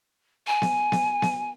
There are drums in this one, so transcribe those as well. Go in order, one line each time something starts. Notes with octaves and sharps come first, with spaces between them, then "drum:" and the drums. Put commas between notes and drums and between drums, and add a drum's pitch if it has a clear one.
G#5
drum: snare B3
drum: snare B3
drum: snare B3